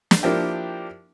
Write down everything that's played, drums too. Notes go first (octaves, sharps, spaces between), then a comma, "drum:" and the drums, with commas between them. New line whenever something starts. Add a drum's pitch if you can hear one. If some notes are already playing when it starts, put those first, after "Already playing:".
drum: snare
F3 A#3 D4 E4 G4